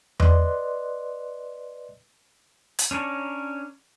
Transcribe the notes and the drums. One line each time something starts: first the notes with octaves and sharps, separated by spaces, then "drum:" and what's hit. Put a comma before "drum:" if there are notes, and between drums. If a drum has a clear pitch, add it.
B4 D5 D#5 C6 F#6, drum: tom E2
drum: hi-hat
C#4 D4 A#4 C#5